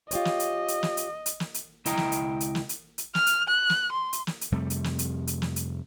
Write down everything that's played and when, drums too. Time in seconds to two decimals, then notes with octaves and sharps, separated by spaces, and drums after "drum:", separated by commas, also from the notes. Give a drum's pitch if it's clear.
0.11 F4 G4 C#5 D#5, drum: hi-hat
0.25 drum: snare
0.40 drum: hi-hat
0.68 drum: hi-hat
0.83 drum: snare
0.97 drum: hi-hat
1.26 drum: hi-hat
1.40 drum: snare
1.54 drum: hi-hat
1.86 C#2 E4 D#5 G5 A#5, drum: hi-hat
1.97 drum: snare
2.12 drum: hi-hat
2.40 drum: hi-hat
2.55 drum: snare
2.69 drum: hi-hat
2.98 drum: hi-hat
3.15 F6, drum: snare
3.27 drum: hi-hat
3.48 F#6
3.70 drum: snare
3.92 C6
4.13 drum: hi-hat
4.27 drum: snare
4.41 drum: hi-hat
4.52 F2 C3 G3 A3
4.70 drum: hi-hat
4.84 drum: snare
4.99 drum: hi-hat
5.27 drum: hi-hat
5.42 drum: snare
5.56 drum: hi-hat